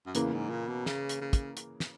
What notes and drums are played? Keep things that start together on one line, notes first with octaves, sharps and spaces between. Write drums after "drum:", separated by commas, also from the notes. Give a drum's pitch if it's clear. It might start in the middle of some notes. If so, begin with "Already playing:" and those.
F#2
E2 C#3 E3 A#3, drum: hi-hat
G#2
A#2
B2
C#3, drum: snare
drum: hi-hat
C#3
drum: kick, hi-hat
drum: hi-hat
drum: snare